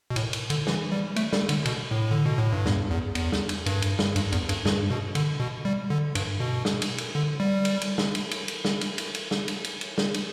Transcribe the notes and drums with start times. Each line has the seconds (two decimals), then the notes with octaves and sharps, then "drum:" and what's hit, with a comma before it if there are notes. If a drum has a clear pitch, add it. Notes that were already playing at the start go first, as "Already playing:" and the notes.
0.10 B2
0.16 A2, drum: cymbal
0.33 drum: cymbal
0.50 D3, drum: cymbal
0.67 E3, drum: snare
0.92 G3
1.16 A3, drum: cymbal
1.33 G3, drum: snare
1.49 D3, drum: cymbal
1.65 B2, drum: cymbal
1.91 A2
2.11 D3
2.26 B2
2.38 A2
2.53 G2
2.66 E2, drum: snare
2.91 E2
3.15 E2, drum: cymbal
3.32 drum: snare
3.49 drum: cymbal
3.66 G2, drum: cymbal
3.82 drum: cymbal
3.99 drum: snare
4.16 G2, drum: cymbal
4.32 E2, drum: cymbal
4.49 G2, drum: cymbal
4.66 G2, drum: snare
4.90 B2
5.15 D3, drum: cymbal
5.40 B2
5.65 G3
5.90 D3
6.15 G2, drum: cymbal
6.40 B2
6.65 drum: snare
6.82 drum: cymbal
6.98 drum: cymbal
7.15 D3
7.40 G3
7.65 drum: cymbal
7.81 drum: cymbal
7.98 drum: snare
8.15 drum: cymbal
8.31 drum: cymbal
8.48 drum: cymbal
8.65 drum: snare
8.81 drum: cymbal
8.98 drum: cymbal
9.15 drum: cymbal
9.31 drum: snare
9.48 drum: cymbal
9.64 drum: cymbal
9.81 drum: cymbal
9.98 drum: snare
10.14 drum: cymbal